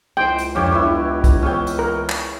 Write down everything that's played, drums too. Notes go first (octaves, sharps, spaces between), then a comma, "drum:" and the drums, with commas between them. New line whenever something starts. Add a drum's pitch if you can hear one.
C#2 G#3 D#4 E4 C5 G5
drum: hi-hat
F2 D3 C#4 D4 G4 C#5
B3 D4 E4 B4
drum: kick, hi-hat
E3 B3 C#4 G#4 G5
drum: hi-hat
A#4
drum: clap